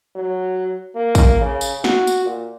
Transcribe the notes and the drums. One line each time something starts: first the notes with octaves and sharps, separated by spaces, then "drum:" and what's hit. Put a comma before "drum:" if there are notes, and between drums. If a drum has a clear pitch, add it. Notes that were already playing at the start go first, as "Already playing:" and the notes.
F#3
A#3
drum: kick, tambourine
C#3
drum: tambourine
F#4, drum: snare
drum: tambourine
A#2